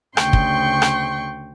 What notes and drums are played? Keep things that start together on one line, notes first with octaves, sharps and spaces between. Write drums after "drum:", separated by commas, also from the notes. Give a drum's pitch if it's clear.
D2 C#3 G5 C6 C#6, drum: rim click
drum: kick
drum: rim click